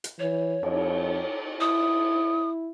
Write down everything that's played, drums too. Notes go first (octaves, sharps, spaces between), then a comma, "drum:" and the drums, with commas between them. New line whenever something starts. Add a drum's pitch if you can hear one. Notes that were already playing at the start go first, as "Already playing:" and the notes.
drum: hi-hat
E3 C#5
F2, drum: cymbal
E4 D#6